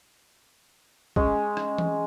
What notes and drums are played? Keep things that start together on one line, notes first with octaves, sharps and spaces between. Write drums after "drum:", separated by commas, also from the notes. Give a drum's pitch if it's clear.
G#3 C#4, drum: kick
drum: rim click
drum: tom E3